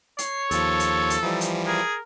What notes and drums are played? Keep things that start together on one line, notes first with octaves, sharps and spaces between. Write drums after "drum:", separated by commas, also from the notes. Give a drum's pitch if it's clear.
C#5 C7, drum: hi-hat
D#2 F3 A4, drum: hi-hat
drum: hi-hat
drum: hi-hat
E3 F3 G3 D#4
drum: hi-hat
G#4 A#4